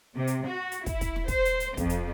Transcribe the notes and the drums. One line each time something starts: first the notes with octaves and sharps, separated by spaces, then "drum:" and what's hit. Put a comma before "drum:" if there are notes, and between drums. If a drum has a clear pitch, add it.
C3
drum: hi-hat
F#4
drum: hi-hat
E4, drum: kick, hi-hat
drum: kick, hi-hat
drum: snare
C5, drum: kick, hi-hat
drum: hi-hat
drum: hi-hat
F2, drum: kick, hi-hat
drum: hi-hat